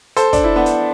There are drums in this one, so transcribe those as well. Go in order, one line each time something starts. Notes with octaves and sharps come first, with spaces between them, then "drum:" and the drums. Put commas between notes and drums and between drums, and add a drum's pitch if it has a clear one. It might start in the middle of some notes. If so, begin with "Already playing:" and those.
A4 C5, drum: hi-hat
D4, drum: kick, hi-hat
E4
B3 D4
drum: hi-hat